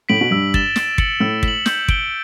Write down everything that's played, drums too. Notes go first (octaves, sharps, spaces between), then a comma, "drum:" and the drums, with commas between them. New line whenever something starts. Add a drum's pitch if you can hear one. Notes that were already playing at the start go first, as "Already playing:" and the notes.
A2 B6 D7 F#7
B2
G2 E6
A6 E7 G7, drum: kick
A6, drum: snare
C#7 F#7, drum: kick
A2 E6
B6 F#7, drum: kick
G6, drum: snare
D7 G7, drum: kick